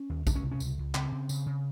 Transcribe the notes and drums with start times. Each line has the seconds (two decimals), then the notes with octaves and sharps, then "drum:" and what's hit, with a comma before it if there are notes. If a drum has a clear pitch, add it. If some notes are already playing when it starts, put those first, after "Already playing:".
Already playing: C#4
0.09 D#2
0.27 C#2 D4, drum: kick A#1, tambourine
0.35 C#4
0.44 C3
0.51 C#4
0.60 C#2, drum: tambourine
0.78 C#2
0.94 C#3 C4, drum: clap
1.12 C#3
1.29 C#3, drum: tambourine
1.46 C#3